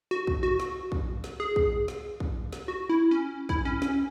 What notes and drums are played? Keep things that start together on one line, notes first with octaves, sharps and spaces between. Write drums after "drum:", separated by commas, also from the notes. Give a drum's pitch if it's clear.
F#4
drum: kick
F#4
drum: snare
drum: kick
drum: snare
G#4
drum: kick
drum: snare
drum: kick
drum: snare
F#4
E4
C#4
E4, drum: kick
C#4
C#4, drum: snare